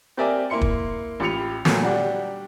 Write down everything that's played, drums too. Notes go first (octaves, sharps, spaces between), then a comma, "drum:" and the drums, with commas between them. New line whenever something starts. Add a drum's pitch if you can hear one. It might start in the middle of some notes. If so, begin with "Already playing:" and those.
C4 G4 A#4 D5 E5 G#5
A#3 E4 C6 C#7
drum: kick
A1 F4 G4 B5 C#7 F7
A#2 F#3 A3 B3, drum: snare
G3 D4 F#4 G4